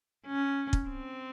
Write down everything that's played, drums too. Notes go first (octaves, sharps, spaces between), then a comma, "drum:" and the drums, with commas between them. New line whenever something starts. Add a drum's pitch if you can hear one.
C#4
drum: kick
C4